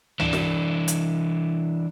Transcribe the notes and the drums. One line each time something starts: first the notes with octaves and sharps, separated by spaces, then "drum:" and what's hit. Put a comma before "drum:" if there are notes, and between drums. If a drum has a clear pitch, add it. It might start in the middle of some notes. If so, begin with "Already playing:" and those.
E3 D4, drum: tom
drum: snare
drum: hi-hat